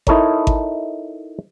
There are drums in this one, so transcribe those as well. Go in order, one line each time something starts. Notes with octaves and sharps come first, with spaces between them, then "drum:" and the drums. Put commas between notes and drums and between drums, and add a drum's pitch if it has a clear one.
D#4 E4 A4 A#4 C#5, drum: kick G#1
drum: kick G#1